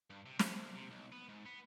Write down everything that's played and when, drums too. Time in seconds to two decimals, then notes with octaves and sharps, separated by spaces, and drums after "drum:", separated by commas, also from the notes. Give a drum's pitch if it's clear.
0.10 G2
0.26 C3
0.39 B3, drum: snare
0.54 C2
0.75 C3
0.90 B1
1.12 B3
1.29 G#2
1.46 B3